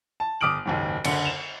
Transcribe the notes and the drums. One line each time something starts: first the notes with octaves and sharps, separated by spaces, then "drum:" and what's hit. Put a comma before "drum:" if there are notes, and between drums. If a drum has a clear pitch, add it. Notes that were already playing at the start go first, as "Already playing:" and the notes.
A5
G1 D6 D#6 F6 D7 F#7
F#1 D#2 G#2
F#1 D3 C#7, drum: cymbal
E7 F7